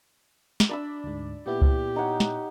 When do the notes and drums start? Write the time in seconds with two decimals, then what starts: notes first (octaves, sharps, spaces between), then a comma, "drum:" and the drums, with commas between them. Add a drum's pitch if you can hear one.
0.60 drum: snare
0.69 D4 D5 B5 E6
1.04 D2 G#2
1.47 A#2 B3 E4 G4
1.62 drum: kick C#2
1.96 D#4 C#5 F#5
2.20 drum: snare